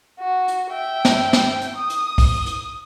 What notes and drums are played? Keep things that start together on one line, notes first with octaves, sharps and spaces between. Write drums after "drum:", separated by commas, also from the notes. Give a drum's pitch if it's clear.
F#4
drum: hi-hat
E5 G5
drum: snare
drum: snare
drum: hi-hat
D#6
drum: hi-hat
drum: kick C2, open hi-hat
drum: hi-hat